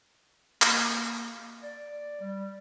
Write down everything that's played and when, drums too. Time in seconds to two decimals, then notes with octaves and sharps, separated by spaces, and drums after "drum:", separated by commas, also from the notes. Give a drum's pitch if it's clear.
0.62 A#3, drum: clap
1.63 D5
2.21 G3